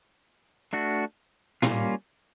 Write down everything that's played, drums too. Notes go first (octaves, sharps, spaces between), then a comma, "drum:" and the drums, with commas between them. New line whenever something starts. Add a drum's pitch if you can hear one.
A3 D4 F#4
G3 A#3 C#4 F4, drum: tom A2